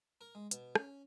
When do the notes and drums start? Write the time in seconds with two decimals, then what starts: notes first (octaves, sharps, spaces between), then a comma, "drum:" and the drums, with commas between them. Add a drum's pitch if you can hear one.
0.21 A#4
0.35 G#3
0.51 B2, drum: hi-hat
0.75 C#4, drum: rim click